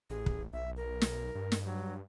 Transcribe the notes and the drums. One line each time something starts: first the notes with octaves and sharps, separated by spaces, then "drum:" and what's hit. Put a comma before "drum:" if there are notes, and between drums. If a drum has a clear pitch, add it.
A1 G#4
drum: kick
B1 E5
A#4
drum: snare
G2
drum: snare
F#3